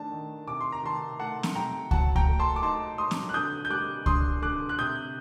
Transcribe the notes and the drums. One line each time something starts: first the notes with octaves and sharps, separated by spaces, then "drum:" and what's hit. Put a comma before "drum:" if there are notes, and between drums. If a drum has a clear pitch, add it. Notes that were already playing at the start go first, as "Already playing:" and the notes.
Already playing: D#3 A3 D4 A5
D#3
C3 D6
C6
A#5
D#3 A5 C6
A3 F#5 A5
drum: snare C4
C3 G5 A#5
F#3 F#5 A5, drum: kick C#2
G5 A#5, drum: kick C#2
A3
A5 C6
D6
D#4 A5 C6
F#3 C6 D#6
drum: snare C4
F#6
D3 D#6 G6
G6
G3 D6 F#6
D4 C6 D#6, drum: kick C#2
D3 D6 F#6
F#6
C3 D#6 G6